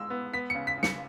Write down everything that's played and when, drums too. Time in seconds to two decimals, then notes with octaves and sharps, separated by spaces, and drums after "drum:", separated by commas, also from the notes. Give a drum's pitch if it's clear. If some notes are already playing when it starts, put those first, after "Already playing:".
Already playing: G#3 E6
0.10 B3
0.33 B3 B6
0.50 C#3 C#7
0.67 B6
0.77 C#3
0.83 C#7, drum: snare